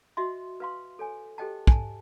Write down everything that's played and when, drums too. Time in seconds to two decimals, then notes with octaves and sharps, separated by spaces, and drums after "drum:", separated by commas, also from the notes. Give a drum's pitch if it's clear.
0.17 F#4 D#5 E5 C6
0.60 B4 F5 C6
0.99 A4 C#5 G#5
1.38 G4 A4 C5 D#5 G5 A5
1.67 G#5 A5, drum: kick